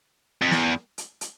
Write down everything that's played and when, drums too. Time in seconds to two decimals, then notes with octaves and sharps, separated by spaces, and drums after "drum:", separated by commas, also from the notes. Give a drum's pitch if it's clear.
0.42 F2
0.51 E2, drum: snare
0.98 drum: hi-hat
1.21 drum: hi-hat